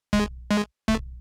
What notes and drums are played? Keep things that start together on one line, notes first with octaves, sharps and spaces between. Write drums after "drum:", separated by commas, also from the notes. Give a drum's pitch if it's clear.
G#3, drum: kick
G#3
A3, drum: kick